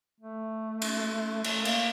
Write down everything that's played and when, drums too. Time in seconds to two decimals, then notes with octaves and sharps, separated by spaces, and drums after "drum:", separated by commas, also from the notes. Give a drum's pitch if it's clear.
0.20 A3
0.82 drum: cymbal
1.44 A3, drum: cymbal
1.65 A#3, drum: cymbal